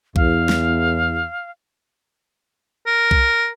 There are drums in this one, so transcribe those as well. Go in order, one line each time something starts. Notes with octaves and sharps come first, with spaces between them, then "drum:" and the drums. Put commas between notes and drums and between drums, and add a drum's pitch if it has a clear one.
E2 F5, drum: kick B1
drum: snare
A#4
drum: kick B1